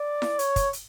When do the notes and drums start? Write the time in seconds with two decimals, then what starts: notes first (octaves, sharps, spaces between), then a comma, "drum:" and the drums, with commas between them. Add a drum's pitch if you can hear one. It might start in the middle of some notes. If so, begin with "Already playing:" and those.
Already playing: D5
0.22 drum: snare E4
0.39 C#5, drum: hi-hat
0.56 drum: kick, hi-hat
0.73 drum: hi-hat